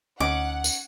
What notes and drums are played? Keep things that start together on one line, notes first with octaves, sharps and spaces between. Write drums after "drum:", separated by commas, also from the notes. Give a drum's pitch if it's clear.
D2 C#4 D#4 F#5 D6
drum: tambourine